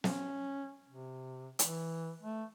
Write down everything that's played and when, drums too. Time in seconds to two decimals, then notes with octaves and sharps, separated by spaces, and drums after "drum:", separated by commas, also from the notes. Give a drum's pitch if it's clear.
0.04 C#4, drum: snare
0.88 C3
1.59 E3, drum: hi-hat
2.22 A3